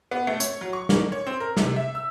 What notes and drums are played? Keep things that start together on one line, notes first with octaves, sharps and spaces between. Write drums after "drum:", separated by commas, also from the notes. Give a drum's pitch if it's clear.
B3
A3
C#5, drum: hi-hat
F#3
C#6
A#3, drum: snare
C#5
C4
A#4
C3, drum: snare
E5
E6